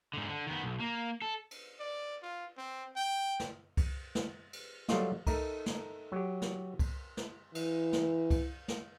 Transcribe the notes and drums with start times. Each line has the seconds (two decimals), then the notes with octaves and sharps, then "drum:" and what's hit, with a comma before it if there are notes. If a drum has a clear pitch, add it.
0.14 G#2 D3
0.29 D3
0.47 D#3 B3
0.63 B1
0.80 A#3
1.22 A4
1.51 drum: cymbal
1.80 D5
2.23 F4
2.57 C4
2.96 G5
3.40 drum: snare
3.77 drum: kick C2, cymbal
4.15 drum: snare
4.53 drum: cymbal
4.88 F#3 G3 A3 F4 D#5, drum: snare
5.27 A3 D#4 A#4, drum: kick C2, cymbal
5.66 drum: snare
6.12 F#3 G4
6.42 drum: snare
6.79 drum: kick C2, cymbal
7.17 drum: snare
7.55 E3, drum: cymbal
7.93 drum: snare
8.30 drum: kick C2, cymbal
8.68 drum: snare